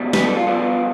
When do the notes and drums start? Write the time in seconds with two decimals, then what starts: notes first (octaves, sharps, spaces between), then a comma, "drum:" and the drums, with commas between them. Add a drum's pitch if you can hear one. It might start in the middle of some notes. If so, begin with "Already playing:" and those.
Already playing: E2 B2 G3 D4
0.13 B4, drum: snare
0.25 A4
0.36 F4
0.47 G2 F3 B3 D4